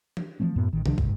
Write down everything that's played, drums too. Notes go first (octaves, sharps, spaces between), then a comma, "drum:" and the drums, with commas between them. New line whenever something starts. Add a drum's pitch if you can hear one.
drum: tom
E3 F3 A3 C4
F#2 A2 B3
A1 D#3
C2 D#3 F3 D4, drum: tom C3
F#1 G#2, drum: kick